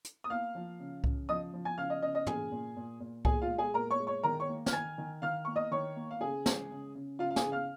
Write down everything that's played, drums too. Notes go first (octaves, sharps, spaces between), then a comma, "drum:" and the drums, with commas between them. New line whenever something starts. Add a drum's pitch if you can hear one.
drum: hi-hat
D#6
A#3 F5 F6
F3
C#3
C#3, drum: kick C2
F3 D#5 D#6
F3
G#5 G#6
C#3 F5 F6
D#5
C#3 D#5
D#5
A#2 G#4 G#5, drum: tom
A#2
A#2
A#2
A#2 G#4 G#5, drum: kick C2
F4 F5
G#3
G#4 G#5
A#2 A#4 A#5
C#5 C#6
G#3
C#5 C#6
D#3 A#4 A#5
C#5 C#6
A#3
F6, drum: snare
D#3 G#5 G#6
D#3
D#3 F5 F6
A#3 C#6
D#5 D#6
D#3 C#5 C#6
A#3
F5
C#3 G#4 G#5
G#3, drum: snare
C#3
C#3
C#3 F4 F5
F5
G#4 G#5, drum: snare
C#3
F5 F6